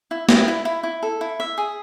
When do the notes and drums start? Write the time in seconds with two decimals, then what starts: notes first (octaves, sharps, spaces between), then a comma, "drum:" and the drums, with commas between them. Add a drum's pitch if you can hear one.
0.11 E4
0.29 E4, drum: snare
0.48 E4
0.65 E4
0.83 E4
1.03 A4
1.21 E4
1.40 E5
1.58 G#4